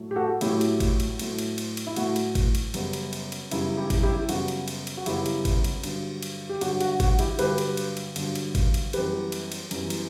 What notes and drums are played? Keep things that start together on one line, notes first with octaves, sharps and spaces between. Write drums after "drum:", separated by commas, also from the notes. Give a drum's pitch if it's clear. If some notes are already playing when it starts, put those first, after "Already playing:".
Already playing: A2 F#3 A3
G4
F#4 A4
A2 F#3 A3 E4 G4, drum: cymbal
drum: cymbal
drum: kick G#1, cymbal
drum: cymbal
A2 F#3 A3, drum: cymbal
drum: cymbal
drum: cymbal
drum: cymbal
E4
A2 F#3 A3 F#4, drum: cymbal
drum: cymbal
drum: kick G#1, cymbal
drum: cymbal
F#2 C#3 G3 B3, drum: cymbal
drum: cymbal
drum: cymbal
drum: cymbal
F#2 C#3 G3 B3 E4, drum: cymbal
E4 G4
drum: kick G#1, cymbal
E4 G4
F#2 C#3 G3 B3 F#4, drum: cymbal
drum: cymbal
drum: cymbal
drum: cymbal
F#4
F#2 C#3 G3 B3 E4 G4, drum: cymbal
drum: cymbal
drum: kick G#1, cymbal
drum: cymbal
G2 D3 F#3, drum: cymbal
drum: cymbal
G4
G2 D3 F#3 F#4, drum: cymbal
F#4, drum: cymbal
F#4, drum: kick G#1, cymbal
E4 G4, drum: cymbal
G2 D3 F#3 G4 B4, drum: cymbal
drum: cymbal
drum: cymbal
drum: cymbal
G2 D3 F#3, drum: cymbal
drum: cymbal
drum: kick G#1, cymbal
drum: cymbal
F#2 E3 G3 B3 G4 B4, drum: cymbal
drum: cymbal
drum: cymbal
F#2 E3 G3 B3, drum: cymbal
drum: cymbal